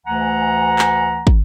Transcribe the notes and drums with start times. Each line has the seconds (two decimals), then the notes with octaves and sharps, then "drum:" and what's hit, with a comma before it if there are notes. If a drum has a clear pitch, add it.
0.07 D2 E3 A3 F#5 G#5 A#5
0.79 drum: clap
1.27 drum: kick